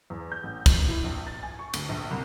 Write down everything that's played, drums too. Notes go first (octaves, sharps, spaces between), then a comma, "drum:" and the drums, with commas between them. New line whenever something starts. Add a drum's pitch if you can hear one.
E2
G6
A1
F2, drum: kick, cymbal
E4
A#1
A6
G#5
C#6
D2, drum: cymbal
A#1
C2